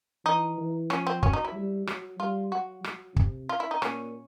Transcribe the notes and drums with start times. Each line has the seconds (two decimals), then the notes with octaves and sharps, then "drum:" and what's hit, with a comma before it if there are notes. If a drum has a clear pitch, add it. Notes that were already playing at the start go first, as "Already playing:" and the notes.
0.25 E3 D#4
0.58 E3
0.90 F3 C#4, drum: rim click
1.07 C4
1.23 F#3 C#4, drum: kick
1.33 D#4
1.45 E4
1.56 G3
1.87 F#3, drum: rim click
2.19 G3 F4
2.52 F#3 F#4
2.84 F#3, drum: rim click
3.16 C3, drum: kick
3.49 F4
3.60 E4
3.71 D#4
3.82 A#2 C#4, drum: rim click